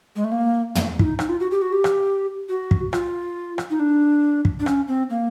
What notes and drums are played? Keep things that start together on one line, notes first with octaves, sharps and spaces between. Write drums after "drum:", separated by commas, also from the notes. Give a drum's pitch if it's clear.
G#3
A3
A#3
A3, drum: tom
E4, drum: kick
D#4
D#4, drum: rim click
F4
F#4
G4
F#4
G4
drum: rim click
F#4
drum: kick
F4, drum: rim click
drum: rim click
D#4
D4
drum: kick
D4
C#4, drum: rim click
C4
A#3